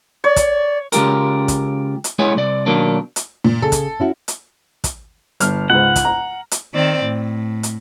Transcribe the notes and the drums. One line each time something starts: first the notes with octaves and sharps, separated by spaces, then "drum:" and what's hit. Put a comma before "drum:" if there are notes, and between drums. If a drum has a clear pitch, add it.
C#5 D5
drum: kick, hi-hat
C#3 G#3 F4 G4 A#4, drum: hi-hat
drum: kick, hi-hat
drum: hi-hat
G#3 B3 E4 G#4 C#5 G#5
C2 D5
B2 D#3 F#3 A#3 D4
drum: hi-hat
A#2
C#3 G#4 A4
drum: kick, hi-hat
C#4 E4 F#4
drum: hi-hat
drum: kick, hi-hat
G1 F6, drum: hi-hat
C#2 G#2 F#5
drum: kick, hi-hat
A#5
drum: hi-hat
D#3 C4 D5
A2
drum: hi-hat